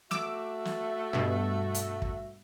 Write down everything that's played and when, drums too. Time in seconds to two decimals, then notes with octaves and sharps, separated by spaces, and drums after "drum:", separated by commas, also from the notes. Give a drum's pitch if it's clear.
0.11 A3 F#4 E5 D6 E6, drum: snare
0.65 drum: snare
1.13 G2 B2
1.74 drum: hi-hat
2.02 drum: kick